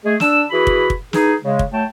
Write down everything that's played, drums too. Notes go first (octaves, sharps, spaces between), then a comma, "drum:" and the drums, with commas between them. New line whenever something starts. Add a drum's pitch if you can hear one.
G#3 A3 G#4
D4 E6, drum: snare
E3 F#4 G#4 B5
drum: kick
drum: kick
E3 D#4 G#4, drum: snare
C#3 G#3
drum: kick
F#3 A3 G5 A5